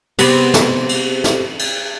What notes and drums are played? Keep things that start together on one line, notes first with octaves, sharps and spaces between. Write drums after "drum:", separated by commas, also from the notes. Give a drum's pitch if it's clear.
C3 B3, drum: cymbal
drum: snare
drum: cymbal
drum: snare
drum: cymbal